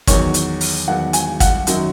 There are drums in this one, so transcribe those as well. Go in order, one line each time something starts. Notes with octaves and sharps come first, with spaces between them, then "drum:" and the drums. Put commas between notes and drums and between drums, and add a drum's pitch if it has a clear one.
E2 D#3 F#3 C#5, drum: kick, hi-hat
drum: hi-hat
drum: open hi-hat
E2 D#3 F#3 F#5
G#5, drum: hi-hat
F#5, drum: kick, hi-hat
F#2 D#3 F#3, drum: hi-hat